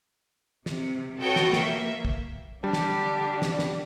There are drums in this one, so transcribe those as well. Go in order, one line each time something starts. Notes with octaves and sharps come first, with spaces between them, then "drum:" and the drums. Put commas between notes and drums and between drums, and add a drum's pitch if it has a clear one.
C3, drum: snare
F#4 A4 B4 C#5 D#5 G5
drum: snare
A#3 E5, drum: snare
drum: kick
D3 G3 D4 G4
drum: snare
drum: snare
drum: snare